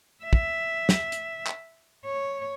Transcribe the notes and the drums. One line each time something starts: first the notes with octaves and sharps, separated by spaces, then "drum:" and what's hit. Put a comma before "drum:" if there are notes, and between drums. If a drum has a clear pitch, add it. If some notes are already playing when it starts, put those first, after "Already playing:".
E5
drum: kick
drum: snare
drum: hi-hat
drum: clap
C#5